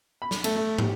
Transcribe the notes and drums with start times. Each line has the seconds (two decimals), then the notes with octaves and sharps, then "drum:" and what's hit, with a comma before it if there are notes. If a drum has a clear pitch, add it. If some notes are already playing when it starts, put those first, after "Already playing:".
0.22 B5
0.31 drum: snare
0.44 A3, drum: cymbal
0.56 A3
0.78 G4, drum: tom